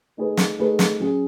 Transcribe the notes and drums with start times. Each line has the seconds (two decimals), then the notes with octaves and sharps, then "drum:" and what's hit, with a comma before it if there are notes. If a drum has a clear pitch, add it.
0.17 A3 D#4 G#4 B4
0.37 drum: snare
0.59 A3 D#4 G#4 B4
0.79 drum: snare
1.00 F#3 C#4 G#4